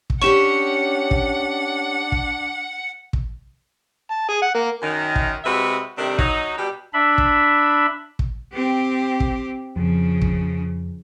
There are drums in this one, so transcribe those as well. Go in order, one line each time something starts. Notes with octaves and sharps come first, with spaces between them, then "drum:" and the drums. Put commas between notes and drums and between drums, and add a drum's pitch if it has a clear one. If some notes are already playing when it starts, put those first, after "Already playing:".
drum: kick
C#4 D4 G4 C#5 F#5 C#6 E7
drum: kick
drum: kick
drum: kick
A5
G#4
F#5
A#3
F#2 D#3
drum: kick
C3 G#3 F#4 B4 E5
C3 D#3 G3 A3 D4
F#3 D#4, drum: kick
B2 G3 G4
D4 E5 B5
drum: kick
drum: kick
C4 G4
drum: kick
F2 C#3 F3
drum: kick